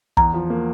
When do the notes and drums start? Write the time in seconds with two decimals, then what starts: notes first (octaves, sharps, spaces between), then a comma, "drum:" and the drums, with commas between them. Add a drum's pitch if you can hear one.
0.17 E2 A#5, drum: kick
0.33 F3
0.50 A#3